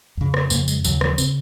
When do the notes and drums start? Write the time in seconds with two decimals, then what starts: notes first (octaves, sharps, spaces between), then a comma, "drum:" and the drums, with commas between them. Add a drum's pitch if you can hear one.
0.17 F2 C#3
0.34 drum: rim click
0.50 F2 C#3 A#3, drum: tambourine
0.68 G#3, drum: tambourine
0.84 D#2 C#3 F#3, drum: tambourine
1.01 F3, drum: rim click
1.18 C#3 C4, drum: tambourine